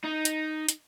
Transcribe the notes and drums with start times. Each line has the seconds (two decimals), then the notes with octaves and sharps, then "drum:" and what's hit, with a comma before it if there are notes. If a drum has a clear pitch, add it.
0.04 D#4
0.25 drum: hi-hat
0.69 drum: hi-hat